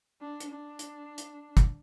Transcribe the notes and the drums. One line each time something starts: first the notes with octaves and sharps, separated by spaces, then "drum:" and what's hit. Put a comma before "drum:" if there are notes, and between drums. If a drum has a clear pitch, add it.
D4
drum: hi-hat
D4
drum: hi-hat
drum: hi-hat
drum: kick, hi-hat